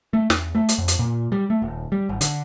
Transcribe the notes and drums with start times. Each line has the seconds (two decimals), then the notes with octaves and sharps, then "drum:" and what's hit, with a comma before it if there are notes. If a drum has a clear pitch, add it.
0.13 A3
0.30 E2, drum: snare
0.55 A3
0.69 drum: hi-hat
0.78 F2
0.88 drum: hi-hat
0.99 A#2
1.32 G3
1.50 A3
1.62 D#1
1.92 G3
2.09 G#1
2.21 D3, drum: hi-hat